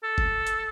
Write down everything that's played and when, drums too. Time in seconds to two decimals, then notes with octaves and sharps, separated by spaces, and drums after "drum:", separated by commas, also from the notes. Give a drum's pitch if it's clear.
0.03 A4
0.18 drum: kick G1
0.47 drum: hi-hat